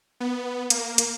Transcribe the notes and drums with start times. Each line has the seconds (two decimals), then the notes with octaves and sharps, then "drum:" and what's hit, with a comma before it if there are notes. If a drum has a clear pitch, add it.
0.20 B3
0.70 A#3, drum: hi-hat
0.98 drum: hi-hat